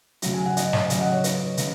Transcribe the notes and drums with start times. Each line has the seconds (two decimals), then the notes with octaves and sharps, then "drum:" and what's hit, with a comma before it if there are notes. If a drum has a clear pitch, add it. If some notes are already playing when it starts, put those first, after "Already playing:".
0.22 C#3 F#3 F#4, drum: hi-hat
0.34 G#5
0.46 F#5
0.57 D#5, drum: hi-hat
0.73 drum: snare
0.90 C#3 F#3 D#5, drum: hi-hat
1.01 F#5
1.12 C#5
1.24 B4, drum: hi-hat
1.57 C#3 F#3, drum: hi-hat